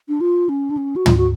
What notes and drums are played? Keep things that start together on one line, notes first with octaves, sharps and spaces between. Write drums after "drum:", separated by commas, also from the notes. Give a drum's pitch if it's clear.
D4
F4
C#4
D4
C#4
F#4
F4, drum: tom
F#4